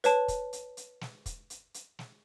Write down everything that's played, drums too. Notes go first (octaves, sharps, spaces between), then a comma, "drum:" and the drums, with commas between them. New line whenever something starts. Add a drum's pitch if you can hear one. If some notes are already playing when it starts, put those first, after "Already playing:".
B4 C#5 A5, drum: hi-hat
drum: kick, hi-hat
drum: hi-hat
drum: hi-hat
drum: snare
drum: kick, hi-hat
drum: hi-hat
drum: hi-hat
drum: snare